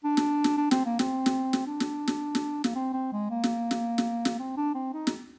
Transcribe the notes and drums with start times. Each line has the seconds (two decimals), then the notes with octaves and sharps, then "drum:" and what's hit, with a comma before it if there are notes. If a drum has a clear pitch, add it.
0.04 D4
0.17 drum: snare
0.44 drum: snare
0.57 D4
0.71 C4, drum: snare
0.86 A#3
0.99 C4, drum: snare
1.26 drum: snare
1.53 drum: snare
1.67 D4
1.80 drum: snare
2.08 drum: snare
2.35 drum: snare
2.64 A#3, drum: snare
2.75 C4
2.93 C4
3.12 G#3
3.30 A#3
3.44 drum: snare
3.71 drum: snare
3.98 drum: snare
4.25 drum: snare
4.39 C4
4.57 D4
4.74 C4
4.93 D#4
5.07 drum: snare